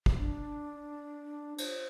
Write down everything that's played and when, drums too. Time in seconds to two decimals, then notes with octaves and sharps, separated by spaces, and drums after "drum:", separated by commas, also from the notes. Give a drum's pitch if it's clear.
0.06 drum: kick
0.19 D4
1.58 C5, drum: cymbal